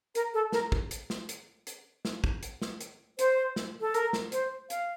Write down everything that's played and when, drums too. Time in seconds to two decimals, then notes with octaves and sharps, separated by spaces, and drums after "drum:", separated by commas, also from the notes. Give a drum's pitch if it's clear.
0.15 A#4, drum: hi-hat
0.34 A4
0.52 A#4, drum: snare
0.72 drum: kick
0.91 drum: hi-hat
1.10 drum: snare
1.29 drum: hi-hat
1.67 drum: hi-hat
2.05 drum: snare
2.24 drum: kick
2.43 drum: hi-hat
2.62 drum: snare
2.81 drum: hi-hat
3.19 C5, drum: hi-hat
3.56 drum: snare
3.81 A4
3.94 A#4, drum: hi-hat
4.13 drum: snare
4.32 C5, drum: hi-hat
4.70 F5, drum: hi-hat